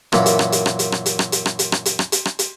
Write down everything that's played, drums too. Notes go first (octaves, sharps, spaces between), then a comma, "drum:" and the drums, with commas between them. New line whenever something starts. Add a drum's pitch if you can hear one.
F#2 A#2 E3, drum: rim click
drum: hi-hat
drum: rim click
drum: hi-hat
drum: rim click
drum: hi-hat
drum: rim click
drum: hi-hat
drum: rim click
drum: hi-hat
drum: rim click
drum: hi-hat
drum: rim click
drum: hi-hat
drum: rim click
drum: hi-hat
drum: rim click
drum: hi-hat